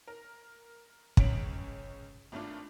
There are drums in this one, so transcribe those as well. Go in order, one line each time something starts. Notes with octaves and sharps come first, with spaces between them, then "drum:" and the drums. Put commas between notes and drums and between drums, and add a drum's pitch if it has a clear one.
A#4
C#2 C#4 B6 D7 F#7, drum: kick
G#1 A3 D4 F4